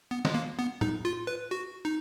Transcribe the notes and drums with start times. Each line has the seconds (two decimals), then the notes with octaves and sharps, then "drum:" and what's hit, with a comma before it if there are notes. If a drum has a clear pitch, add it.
0.11 B3
0.25 G#3, drum: snare
0.34 A#3
0.59 B3
0.81 D#4, drum: tom A2
1.05 F4
1.27 B4
1.51 F#4
1.85 D#4